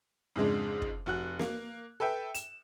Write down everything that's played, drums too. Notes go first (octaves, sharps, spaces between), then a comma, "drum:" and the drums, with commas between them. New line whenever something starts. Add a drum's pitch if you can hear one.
F2 G#2 C#3 G#3 D4
drum: kick
F1 F#4 F#6
A#3, drum: snare
A4 B4 E5 G5
E7, drum: hi-hat